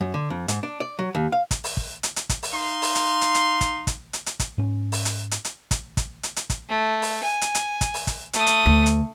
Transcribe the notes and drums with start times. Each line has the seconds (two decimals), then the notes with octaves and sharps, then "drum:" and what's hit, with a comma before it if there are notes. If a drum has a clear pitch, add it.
0.01 F#2
0.14 D3
0.30 F2
0.48 G#2, drum: hi-hat
0.63 D4
0.80 D5
0.99 F#3
1.15 D#2
1.32 F5
1.51 drum: kick, hi-hat
1.64 drum: open hi-hat
1.77 drum: kick
2.03 drum: hi-hat
2.16 drum: hi-hat
2.29 drum: kick, hi-hat
2.43 drum: open hi-hat
2.52 D#4 F5 C6
2.82 drum: open hi-hat
2.95 drum: hi-hat
3.21 drum: hi-hat
3.34 drum: hi-hat
3.61 drum: kick, hi-hat
3.87 drum: kick, hi-hat
4.13 drum: hi-hat
4.26 drum: hi-hat
4.40 drum: kick, hi-hat
4.58 G#2 C#4
4.92 drum: open hi-hat
5.05 drum: hi-hat
5.31 drum: hi-hat
5.45 drum: hi-hat
5.71 drum: kick, hi-hat
5.97 drum: kick, hi-hat
6.23 drum: hi-hat
6.36 drum: hi-hat
6.50 drum: kick, hi-hat
6.69 A3
7.02 drum: open hi-hat
7.23 G#5
7.41 drum: hi-hat
7.55 drum: hi-hat
7.81 drum: kick, hi-hat
7.94 drum: open hi-hat
8.07 drum: kick, hi-hat
8.33 A3 D#6, drum: hi-hat
8.47 drum: hi-hat
8.66 D2
8.86 drum: hi-hat